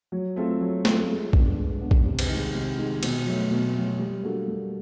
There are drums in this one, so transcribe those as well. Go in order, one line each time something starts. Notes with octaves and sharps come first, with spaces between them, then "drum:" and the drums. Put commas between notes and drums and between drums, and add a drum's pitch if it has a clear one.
F#3
A3 C4 F4 A4
F#3
A3 C4 F4 A4, drum: snare
G#3
B3 D4, drum: kick A#1
G#3
B3 D4
drum: kick A#1
C3
drum: cymbal
D#3 G#3
C3
D#3 G#3
B2, drum: cymbal
F#3 A3
B2
F#3 A3
G3
A#3 D4 F#4 A4
G3